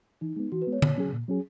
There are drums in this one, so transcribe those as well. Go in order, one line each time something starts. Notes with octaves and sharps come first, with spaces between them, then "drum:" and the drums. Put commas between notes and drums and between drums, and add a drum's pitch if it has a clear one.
E3 D#4
G#3 B3 D#4
E3 F#4
B4
G#3 B3
C#5
A#2, drum: tom D3
F#3 C#4 G#4
A#2
F#3 C#4 G#4